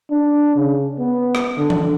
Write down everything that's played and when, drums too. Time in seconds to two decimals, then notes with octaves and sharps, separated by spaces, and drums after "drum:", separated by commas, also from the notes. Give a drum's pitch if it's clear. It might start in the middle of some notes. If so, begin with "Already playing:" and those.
0.11 D4
0.56 C#3
0.99 B3
1.35 drum: rim click
1.58 D3
1.70 drum: tom E3